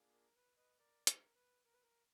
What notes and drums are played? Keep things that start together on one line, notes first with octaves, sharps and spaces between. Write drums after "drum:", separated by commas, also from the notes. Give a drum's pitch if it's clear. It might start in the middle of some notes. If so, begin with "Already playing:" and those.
Already playing: A#3 D4 F4 G#4
A#4
B4
B4 D#5
A#4 D5
A#4, drum: hi-hat
B4
A#4
B4
A#4